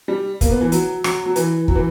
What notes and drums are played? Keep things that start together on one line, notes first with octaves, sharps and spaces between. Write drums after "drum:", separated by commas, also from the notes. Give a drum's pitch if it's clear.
G3
A#3, drum: kick, hi-hat
B3
E3
F#3, drum: hi-hat
F#3, drum: rim click
F#3
E3, drum: hi-hat
F#3, drum: kick
E3